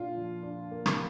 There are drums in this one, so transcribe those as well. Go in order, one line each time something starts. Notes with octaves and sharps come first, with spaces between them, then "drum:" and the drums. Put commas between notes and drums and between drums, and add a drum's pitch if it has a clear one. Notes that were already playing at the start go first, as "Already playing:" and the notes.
Already playing: A#2 D4 F4
F3
D4
A#3
drum: rim click